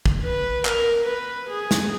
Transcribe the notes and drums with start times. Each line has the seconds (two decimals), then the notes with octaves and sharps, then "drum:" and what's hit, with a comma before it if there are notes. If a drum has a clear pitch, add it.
0.06 drum: kick
0.23 B4
0.65 A#4, drum: clap
1.07 B4
1.50 G#4
1.71 drum: snare